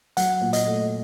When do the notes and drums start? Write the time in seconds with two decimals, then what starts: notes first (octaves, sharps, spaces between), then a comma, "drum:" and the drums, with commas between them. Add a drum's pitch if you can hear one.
0.17 F#3 F#5, drum: hi-hat
0.41 A#2
0.53 D#5, drum: hi-hat
0.66 A3